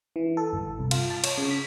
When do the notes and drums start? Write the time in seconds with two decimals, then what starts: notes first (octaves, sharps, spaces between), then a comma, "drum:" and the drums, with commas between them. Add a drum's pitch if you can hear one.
0.16 E3
0.37 A4
0.53 G1
0.79 C2
0.91 F4, drum: cymbal
1.10 A5
1.24 C#5, drum: cymbal
1.38 C#3
1.51 B6